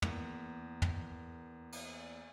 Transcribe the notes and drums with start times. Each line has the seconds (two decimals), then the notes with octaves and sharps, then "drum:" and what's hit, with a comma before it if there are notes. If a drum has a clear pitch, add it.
0.02 E2 A#3, drum: tom
0.82 drum: tom
1.72 drum: cymbal